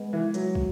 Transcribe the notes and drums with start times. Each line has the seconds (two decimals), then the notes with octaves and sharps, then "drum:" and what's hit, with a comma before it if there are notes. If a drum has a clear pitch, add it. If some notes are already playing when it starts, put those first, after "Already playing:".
Already playing: G#3 B3
0.13 E3
0.34 F#3, drum: hi-hat
0.55 drum: kick